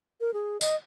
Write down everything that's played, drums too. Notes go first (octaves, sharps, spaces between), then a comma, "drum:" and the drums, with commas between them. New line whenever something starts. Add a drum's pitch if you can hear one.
A#4
G#4
D#5, drum: tambourine